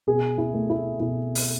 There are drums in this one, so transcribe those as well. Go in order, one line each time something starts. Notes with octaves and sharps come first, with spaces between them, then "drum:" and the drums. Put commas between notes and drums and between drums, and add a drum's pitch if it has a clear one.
B2 G#4
E4
A3
E4
B2 E4
drum: open hi-hat